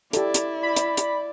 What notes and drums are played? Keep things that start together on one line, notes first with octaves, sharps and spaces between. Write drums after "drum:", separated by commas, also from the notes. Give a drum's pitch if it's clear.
E4 G4 A4 D5, drum: hi-hat
drum: hi-hat
D5 B5
drum: hi-hat
drum: hi-hat